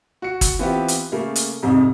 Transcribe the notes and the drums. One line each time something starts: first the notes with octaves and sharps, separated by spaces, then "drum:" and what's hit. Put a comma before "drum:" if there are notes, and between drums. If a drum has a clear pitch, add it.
F#4 C#7
drum: kick, hi-hat
E3 B3 C4 E4 F4 G4
drum: hi-hat
C#3 A3 A#3
drum: hi-hat
C2 F2 G#2 C3